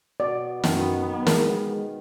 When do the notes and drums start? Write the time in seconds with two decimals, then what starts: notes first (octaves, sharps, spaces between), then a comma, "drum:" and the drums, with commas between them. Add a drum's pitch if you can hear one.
0.20 B2 D5
0.64 F#2 D#3 B3, drum: snare
1.27 G#3 A#4, drum: snare